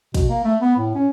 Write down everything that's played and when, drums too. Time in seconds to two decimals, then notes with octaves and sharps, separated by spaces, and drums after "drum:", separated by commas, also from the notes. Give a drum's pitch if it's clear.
0.14 B2, drum: kick, cymbal
0.30 A#3
0.44 A3
0.61 B3
0.77 A2
0.95 C#4